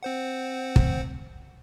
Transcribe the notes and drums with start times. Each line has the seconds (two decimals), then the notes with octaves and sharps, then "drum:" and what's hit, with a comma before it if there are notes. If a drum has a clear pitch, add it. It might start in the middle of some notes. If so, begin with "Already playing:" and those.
0.03 C4 C5 F#5
0.76 drum: kick